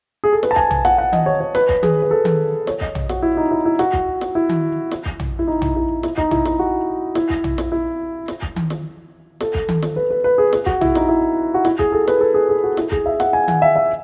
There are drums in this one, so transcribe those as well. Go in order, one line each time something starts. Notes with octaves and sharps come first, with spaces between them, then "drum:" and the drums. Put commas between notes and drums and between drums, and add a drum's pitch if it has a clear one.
G#4
A4
B4, drum: snare
A5
G#5, drum: kick
drum: tom
F#5, drum: snare
F#5
D#5, drum: tom D#3
C#5
C#5
B4, drum: snare
drum: kick
G#4, drum: tom D#3
B4
A4
drum: tom D#3
C#5, drum: snare
D#5, drum: kick
drum: tom
F#4, drum: snare
E4
D#4
E4
E4
F#4, drum: snare
drum: kick
drum: snare
E4
drum: tom D#3
drum: snare
drum: kick
drum: tom
E4
D#4
drum: tom
E4
E4, drum: snare
D#4, drum: kick
E4, drum: tom
E4, drum: snare
F#4
E4, drum: snare
drum: kick
drum: tom
drum: snare
E4
drum: snare
drum: kick
drum: tom D#3
drum: snare
A4, drum: snare
drum: kick
drum: tom D#3
drum: snare
B4
B4
B4
G#4
G#4, drum: snare
F#4, drum: kick
E4, drum: tom
D#4, drum: snare
E4
F#4
E4, drum: snare
G#4, drum: kick
A4
B4, drum: snare
A4
G#4
G#4
F#4
E4, drum: snare
G#4, drum: kick
E5
F#5, drum: snare
G#5
F#5, drum: tom D#3
E5
E5